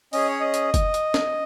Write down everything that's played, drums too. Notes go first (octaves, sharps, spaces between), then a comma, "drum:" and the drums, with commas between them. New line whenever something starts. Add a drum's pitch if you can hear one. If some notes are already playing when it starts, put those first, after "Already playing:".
C#4 G#4 D#5, drum: open hi-hat
C#5
D#5
drum: hi-hat
drum: kick, hi-hat
drum: hi-hat
drum: snare